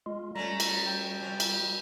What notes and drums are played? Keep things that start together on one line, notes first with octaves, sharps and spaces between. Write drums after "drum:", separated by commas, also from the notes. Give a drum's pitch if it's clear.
G#3 F4
G3 A3 C#4 A#5
drum: cymbal
G5
C3 C#4
drum: cymbal